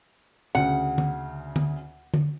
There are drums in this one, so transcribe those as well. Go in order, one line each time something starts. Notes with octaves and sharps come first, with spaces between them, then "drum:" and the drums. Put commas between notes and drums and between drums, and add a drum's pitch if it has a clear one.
D2 C#3 F#5
drum: tom
drum: tom
drum: tom D3